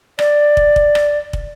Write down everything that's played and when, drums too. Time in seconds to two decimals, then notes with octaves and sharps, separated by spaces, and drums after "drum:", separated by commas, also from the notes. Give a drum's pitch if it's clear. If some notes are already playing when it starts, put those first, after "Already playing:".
0.19 D5, drum: rim click
0.57 drum: kick
0.76 drum: kick
0.95 drum: rim click
1.33 drum: kick